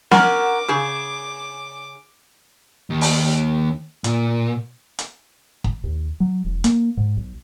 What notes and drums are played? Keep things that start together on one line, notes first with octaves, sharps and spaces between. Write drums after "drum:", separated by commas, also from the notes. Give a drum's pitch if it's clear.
C#4 A#4 F#5 D6, drum: snare
C#3 G#4
D#2
drum: open hi-hat
A#2, drum: hi-hat
drum: hi-hat
drum: kick
D#2
F#3
E1
A#3, drum: hi-hat
G#2
B1